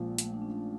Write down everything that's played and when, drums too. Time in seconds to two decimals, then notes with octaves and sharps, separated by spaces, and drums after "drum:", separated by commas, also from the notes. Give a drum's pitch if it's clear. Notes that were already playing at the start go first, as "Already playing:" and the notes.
Already playing: A#1 A#2 F3 G#3
0.18 A3, drum: hi-hat
0.34 D4
0.42 C#4